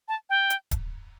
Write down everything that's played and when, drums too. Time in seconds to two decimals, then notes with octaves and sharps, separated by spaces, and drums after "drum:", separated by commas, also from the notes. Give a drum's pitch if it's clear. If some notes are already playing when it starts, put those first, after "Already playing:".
0.08 A5
0.30 G5
0.50 drum: hi-hat
0.71 drum: kick D1, hi-hat